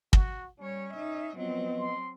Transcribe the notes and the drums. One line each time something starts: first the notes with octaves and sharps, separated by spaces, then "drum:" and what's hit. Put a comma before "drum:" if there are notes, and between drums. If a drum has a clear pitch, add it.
F#4, drum: kick
G3 C#4 C#5
D#4 E5
F3 F#3 B3 C4 D#5
C6